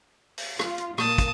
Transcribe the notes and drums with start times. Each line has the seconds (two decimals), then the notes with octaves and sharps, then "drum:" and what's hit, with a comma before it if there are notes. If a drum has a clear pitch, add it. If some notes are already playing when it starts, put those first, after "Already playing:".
0.38 drum: open hi-hat
0.59 F4, drum: rim click
0.78 drum: hi-hat
0.98 A#2 A#3 A5 D#6, drum: rim click
1.18 drum: kick, hi-hat